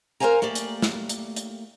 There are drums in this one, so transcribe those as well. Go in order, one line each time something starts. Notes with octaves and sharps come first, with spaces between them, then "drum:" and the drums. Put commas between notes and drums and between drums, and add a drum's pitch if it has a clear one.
A#4 C5 C#5 F5 G#5 A#5
A3 A#3 G4 D5
drum: hi-hat
drum: snare
drum: hi-hat
drum: hi-hat